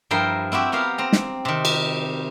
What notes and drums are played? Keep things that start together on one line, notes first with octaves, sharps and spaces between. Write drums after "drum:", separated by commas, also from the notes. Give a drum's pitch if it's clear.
G2 F3 E4 A#4 G5 C6
C4 E4 F#4 G4
B3 G4 A#4 F5
C4 A#5
drum: snare
C3 D#3
drum: cymbal